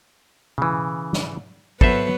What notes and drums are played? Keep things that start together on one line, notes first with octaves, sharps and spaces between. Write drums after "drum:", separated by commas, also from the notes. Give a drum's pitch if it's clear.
C#3 E3, drum: tom B2
drum: snare
F#3 B3 A4 B4 C5 E5, drum: kick